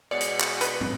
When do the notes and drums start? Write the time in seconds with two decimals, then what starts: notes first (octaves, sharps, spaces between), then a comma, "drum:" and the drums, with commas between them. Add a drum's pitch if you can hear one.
0.11 B2 G#3 B3 C#5 D5 C#7
0.20 drum: hi-hat
0.41 drum: clap
0.61 B4 B5, drum: hi-hat
0.81 drum: tom